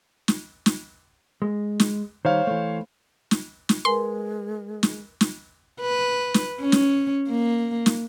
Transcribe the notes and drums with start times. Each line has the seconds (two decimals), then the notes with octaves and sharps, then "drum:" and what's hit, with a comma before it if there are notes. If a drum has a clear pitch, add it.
0.28 drum: snare
0.66 drum: snare
1.42 G#3
1.80 drum: snare
2.25 D#3 G3 C5 C#5 F5
2.47 E3 A3
3.31 drum: snare
3.69 drum: snare
3.85 G#3 A#4 B4 G#5 C6
4.83 drum: snare
5.21 drum: snare
5.81 B4
6.34 drum: snare
6.61 C#4
6.72 drum: snare
7.30 A#3
7.86 drum: snare